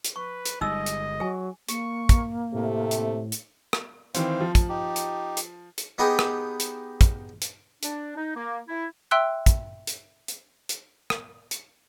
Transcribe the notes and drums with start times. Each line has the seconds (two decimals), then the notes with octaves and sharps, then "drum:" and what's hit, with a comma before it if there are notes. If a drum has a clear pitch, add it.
0.05 drum: hi-hat
0.16 B4 C#6
0.45 drum: hi-hat
0.61 G1 G3 G#3 D#4 D#5 E6
0.86 drum: hi-hat
1.20 F#3 G#4 G#5
1.69 A#3 C#6, drum: hi-hat
2.09 drum: kick, hi-hat
2.54 A2 C3 A3
2.91 drum: hi-hat
3.32 drum: hi-hat
3.73 drum: rim click
4.15 D#3 E3 C4 C5 F5, drum: hi-hat
4.41 F3
4.55 drum: kick, hi-hat
4.69 D#4 G4
4.96 drum: hi-hat
5.37 drum: hi-hat
5.78 drum: hi-hat
5.98 B3 D#4 G4 G#4 B4
6.19 drum: rim click
6.60 drum: hi-hat
7.01 drum: kick, hi-hat
7.42 drum: hi-hat
7.83 D4, drum: hi-hat
8.16 D#4
8.35 A#3
8.69 E4
9.11 E5 G5 C6 E6 F#6
9.46 drum: kick, hi-hat
9.87 drum: hi-hat
10.28 drum: hi-hat
10.69 drum: hi-hat
11.10 drum: rim click
11.51 drum: hi-hat